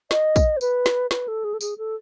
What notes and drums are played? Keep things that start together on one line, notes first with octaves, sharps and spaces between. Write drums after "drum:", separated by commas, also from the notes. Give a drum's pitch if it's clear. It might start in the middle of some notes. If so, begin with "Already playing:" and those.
D#5, drum: snare
drum: kick, tambourine
C5
B4, drum: tambourine
drum: snare
B4, drum: snare
A4
G#4
A4
G#4, drum: tambourine
A4